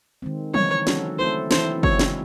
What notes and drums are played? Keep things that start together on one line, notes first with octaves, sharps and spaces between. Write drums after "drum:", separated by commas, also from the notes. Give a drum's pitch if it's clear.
D#3 G#3 C4
C#3 E3 G#3 C4 D#4 C#5, drum: tom F3
F#3 C#4 F#4 A4, drum: snare
A3 C4 E4 A4 C5
E3 C4 E4 A4 C5, drum: snare
C#3 G#3 C4 F#4 C#5, drum: kick
drum: snare